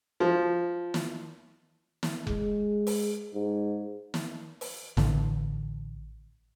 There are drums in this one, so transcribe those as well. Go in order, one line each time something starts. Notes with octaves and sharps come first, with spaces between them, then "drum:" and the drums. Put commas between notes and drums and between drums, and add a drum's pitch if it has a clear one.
F3
drum: snare
drum: snare
G#3, drum: kick F1
drum: open hi-hat
G#2
drum: snare
drum: open hi-hat
A1 D3, drum: snare